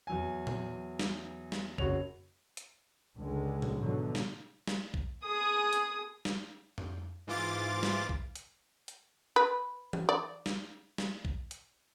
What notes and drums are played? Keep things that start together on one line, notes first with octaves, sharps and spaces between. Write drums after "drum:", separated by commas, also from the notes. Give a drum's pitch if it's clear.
E2 F#3 G#5
drum: tom A#2
drum: snare
drum: snare
F#1 F#4 C#5 F7, drum: kick
drum: hi-hat
C#2 D3 G#3
drum: tom A#2
G#2 B2 D3 E3 F#3
drum: snare
drum: snare
drum: kick
G#4 D#6
drum: hi-hat
drum: snare
drum: tom F2
G#2 E3 F4 D6 A6
drum: snare
drum: kick
drum: hi-hat
drum: hi-hat
B4
drum: tom E3
D5
drum: snare
drum: snare
drum: kick
drum: hi-hat